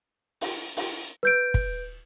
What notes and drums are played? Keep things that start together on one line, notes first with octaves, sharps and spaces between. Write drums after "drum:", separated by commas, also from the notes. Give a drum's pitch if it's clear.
drum: open hi-hat
drum: open hi-hat
B4 G6 D7
drum: kick